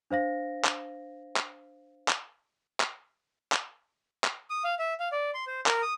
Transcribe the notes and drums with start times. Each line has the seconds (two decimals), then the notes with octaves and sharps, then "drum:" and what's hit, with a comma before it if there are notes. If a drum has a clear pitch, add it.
0.11 D4 C5 F5 A#6
0.64 drum: clap
1.36 drum: clap
2.08 drum: clap
2.80 drum: clap
3.52 drum: clap
4.24 drum: clap
4.50 D#6
4.64 F5
4.79 E5
5.00 F5
5.12 D5
5.34 C6
5.47 C5
5.66 A#4, drum: clap
5.82 D#6